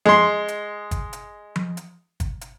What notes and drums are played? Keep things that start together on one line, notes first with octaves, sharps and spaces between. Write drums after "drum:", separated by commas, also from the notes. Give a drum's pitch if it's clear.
G#3 C6, drum: tom F3
drum: hi-hat
drum: kick, hi-hat
drum: hi-hat
drum: tom F3
drum: hi-hat
drum: kick, hi-hat
drum: hi-hat